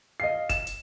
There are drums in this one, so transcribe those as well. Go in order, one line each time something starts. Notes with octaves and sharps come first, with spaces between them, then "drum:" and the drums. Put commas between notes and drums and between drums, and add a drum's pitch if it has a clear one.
D#5 F5 C7
E7, drum: kick F#1, hi-hat
drum: hi-hat